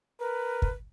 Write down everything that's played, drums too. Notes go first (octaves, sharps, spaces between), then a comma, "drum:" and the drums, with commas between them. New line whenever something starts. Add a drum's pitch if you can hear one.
A#4 B4
drum: kick